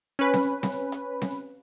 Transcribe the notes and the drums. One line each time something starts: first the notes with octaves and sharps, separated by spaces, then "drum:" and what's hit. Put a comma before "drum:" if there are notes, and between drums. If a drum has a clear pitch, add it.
C#4 B4
drum: snare C4
drum: snare C4
drum: hi-hat
drum: snare C4